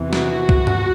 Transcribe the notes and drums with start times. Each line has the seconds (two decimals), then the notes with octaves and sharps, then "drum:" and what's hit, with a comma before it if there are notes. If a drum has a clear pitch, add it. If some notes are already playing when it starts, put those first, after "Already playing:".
Already playing: E2 C3 E3
0.13 F#4, drum: snare
0.49 drum: kick
0.67 drum: tom G2